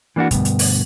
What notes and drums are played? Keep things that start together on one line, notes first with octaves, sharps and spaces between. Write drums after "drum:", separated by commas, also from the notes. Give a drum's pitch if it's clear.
E3 A#3 D4 F4 F#4
D2 G2 B2, drum: kick, hi-hat
drum: hi-hat
drum: open hi-hat